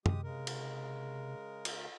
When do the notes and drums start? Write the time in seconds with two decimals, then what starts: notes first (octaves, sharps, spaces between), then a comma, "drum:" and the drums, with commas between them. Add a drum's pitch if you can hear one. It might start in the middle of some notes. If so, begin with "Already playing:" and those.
0.06 C3 G#3 G4 D#6, drum: tom F#2
0.24 C#3 G#3 A#4
0.47 drum: cymbal
1.65 drum: cymbal